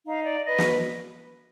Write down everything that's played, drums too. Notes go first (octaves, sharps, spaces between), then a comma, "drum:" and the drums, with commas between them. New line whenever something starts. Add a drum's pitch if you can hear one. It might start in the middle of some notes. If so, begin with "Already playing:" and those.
D#4 F5
D5
B4 D#5
drum: snare